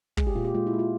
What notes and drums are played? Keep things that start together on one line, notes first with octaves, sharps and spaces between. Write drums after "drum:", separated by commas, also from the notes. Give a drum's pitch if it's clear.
G#3 G#4, drum: kick
G4
A#2 F4
G4
G#3 F4
E4
G#3
F4